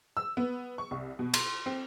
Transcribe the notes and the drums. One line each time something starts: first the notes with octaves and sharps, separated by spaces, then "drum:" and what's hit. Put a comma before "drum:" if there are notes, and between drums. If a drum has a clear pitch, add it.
E6
B3
C#6
C2
B2
C6, drum: cymbal
C4